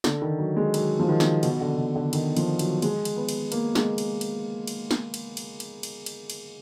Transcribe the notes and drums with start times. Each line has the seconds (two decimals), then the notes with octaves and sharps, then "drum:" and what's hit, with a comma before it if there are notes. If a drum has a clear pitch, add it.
0.04 D3, drum: snare
0.22 D#3
0.39 F#3
0.56 G#3
0.74 F#3, drum: cymbal
0.99 F3
1.09 D#3
1.20 drum: snare
1.43 B2, drum: cymbal
1.61 D3
1.78 B2
1.96 D3
2.13 D#3, drum: cymbal
2.37 F3, drum: cymbal
2.59 F#3, drum: cymbal
2.82 G#3, drum: cymbal
3.05 drum: cymbal
3.17 B3
3.29 drum: cymbal
3.52 A#3, drum: cymbal
3.75 G#3, drum: snare
3.98 drum: cymbal
4.21 drum: cymbal
4.67 drum: cymbal
4.91 drum: snare
5.14 drum: cymbal
5.37 drum: cymbal
5.60 drum: cymbal
5.83 drum: cymbal
6.06 drum: cymbal
6.30 drum: cymbal